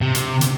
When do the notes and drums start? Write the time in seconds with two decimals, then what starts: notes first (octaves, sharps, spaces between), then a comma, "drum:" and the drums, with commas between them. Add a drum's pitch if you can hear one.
0.01 C3
0.15 drum: hi-hat
0.41 drum: hi-hat